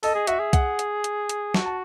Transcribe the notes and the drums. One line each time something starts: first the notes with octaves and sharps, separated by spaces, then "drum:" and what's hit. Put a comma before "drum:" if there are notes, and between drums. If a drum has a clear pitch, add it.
A4 D#5, drum: open hi-hat
G#4
F#4 E5, drum: hi-hat
G#4
F#5, drum: kick C2, hi-hat
drum: hi-hat
drum: hi-hat
drum: hi-hat
F#4 A5, drum: snare
A5